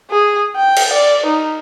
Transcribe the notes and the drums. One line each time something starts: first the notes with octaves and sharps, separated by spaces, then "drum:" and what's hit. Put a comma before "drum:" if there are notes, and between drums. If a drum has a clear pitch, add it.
G#4
G5
drum: cymbal
D5
D#4